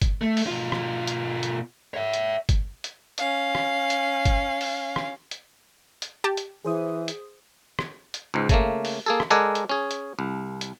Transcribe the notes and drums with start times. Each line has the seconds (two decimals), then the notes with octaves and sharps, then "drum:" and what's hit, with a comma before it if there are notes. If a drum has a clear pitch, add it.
0.02 drum: kick G1, hi-hat
0.21 A3
0.37 drum: open hi-hat
0.47 B2 F4
0.72 drum: rim click
1.08 drum: hi-hat
1.43 drum: hi-hat
1.94 C#5 E5
2.13 drum: hi-hat
2.49 drum: kick G1, hi-hat
2.84 drum: hi-hat
3.18 C#4 F5, drum: hi-hat
3.55 drum: rim click
3.90 drum: hi-hat
4.25 drum: kick G1, hi-hat
4.61 drum: open hi-hat
4.96 drum: rim click
5.31 drum: hi-hat
6.02 drum: hi-hat
6.24 G4 A5
6.37 drum: hi-hat
6.65 E3 G#4 C5 D#6
7.08 drum: hi-hat
7.79 drum: rim click
8.14 drum: hi-hat
8.34 C#2 G#2
8.49 C#3 A3 A#3, drum: kick G1, hi-hat
8.85 drum: open hi-hat
9.06 A#3 G#4 A4
9.20 drum: rim click
9.30 G#3 A4 A#4 D5 F#5 G#5
9.55 drum: hi-hat
9.69 C#4 G#4
9.91 drum: hi-hat
10.19 C2
10.61 drum: hi-hat